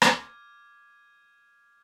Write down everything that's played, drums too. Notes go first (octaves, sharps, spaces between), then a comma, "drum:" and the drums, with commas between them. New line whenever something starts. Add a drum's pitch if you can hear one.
D6 F6 G#6 D#7, drum: rim click